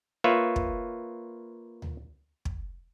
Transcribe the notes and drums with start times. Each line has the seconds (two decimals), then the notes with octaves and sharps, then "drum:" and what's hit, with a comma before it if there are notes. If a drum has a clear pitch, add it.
0.24 A#3 F4 B4 C#5 E5
0.56 drum: kick
1.82 drum: tom D2
2.45 drum: kick